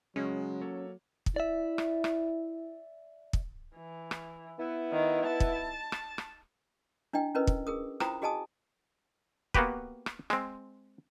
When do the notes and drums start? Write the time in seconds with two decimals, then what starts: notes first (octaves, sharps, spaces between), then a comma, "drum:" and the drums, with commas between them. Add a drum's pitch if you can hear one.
0.16 C#3 F#3 G#3 C#4
0.61 A#3 A4 C#5
1.26 drum: kick
1.36 E4 D5 E5
1.78 drum: rim click
2.04 drum: rim click
3.33 drum: kick
3.76 E3
4.11 drum: rim click
4.59 B3 E4
4.92 D#3
5.26 A5
5.40 drum: kick
5.92 drum: rim click
6.18 drum: rim click
7.13 D4 E4 D#5 G5
7.35 C#4 E4 A#4 B4 D#5
7.47 drum: kick
7.67 G#4 A#4 D#6
8.00 E4 F4 C5 G5 A#5 D#6, drum: rim click
8.22 F#4 G#4 D#5 G#5 A5 D#6
9.54 A#3 B3 F#4 G4 B4, drum: kick
10.06 drum: rim click
10.30 G#3 C4, drum: rim click